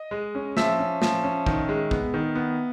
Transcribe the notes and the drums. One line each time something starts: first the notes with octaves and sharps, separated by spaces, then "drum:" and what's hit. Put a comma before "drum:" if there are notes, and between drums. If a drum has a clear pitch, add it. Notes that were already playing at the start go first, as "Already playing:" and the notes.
Already playing: D#5
G#3
C#4
F3 E5, drum: snare
C#4
F3, drum: snare
C#4
D#3, drum: kick
G#3
B3, drum: kick
D#3
B3